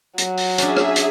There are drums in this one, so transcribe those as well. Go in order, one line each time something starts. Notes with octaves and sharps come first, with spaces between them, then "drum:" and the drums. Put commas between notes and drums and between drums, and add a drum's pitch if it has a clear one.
F#3, drum: hi-hat
drum: open hi-hat
C#4 D4 G#4 E5, drum: hi-hat
drum: rim click
drum: hi-hat